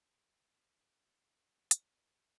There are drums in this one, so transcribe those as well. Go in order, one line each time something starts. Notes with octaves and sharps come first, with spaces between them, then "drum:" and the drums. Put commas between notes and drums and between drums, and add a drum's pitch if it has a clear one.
A3
C#4 G#4
F5
B1 F#5
drum: hi-hat
E2 C#5